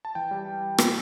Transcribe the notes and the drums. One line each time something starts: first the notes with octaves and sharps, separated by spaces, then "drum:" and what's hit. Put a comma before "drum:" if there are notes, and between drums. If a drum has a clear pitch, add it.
A5
E3 G5
G3
drum: rim click